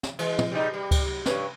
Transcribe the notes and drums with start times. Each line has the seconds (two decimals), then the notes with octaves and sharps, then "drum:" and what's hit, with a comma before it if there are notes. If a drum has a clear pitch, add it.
0.03 drum: snare
0.19 E3 G#3, drum: cymbal
0.38 drum: tom
0.52 G3 G#3 D#4
0.74 G3
0.91 drum: kick C#2, cymbal
1.07 F#3
1.26 G2 B4 C#5, drum: snare